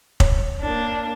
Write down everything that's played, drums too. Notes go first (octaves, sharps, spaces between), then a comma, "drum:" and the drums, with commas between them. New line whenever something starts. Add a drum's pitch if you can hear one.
C#5, drum: kick
A#3 D4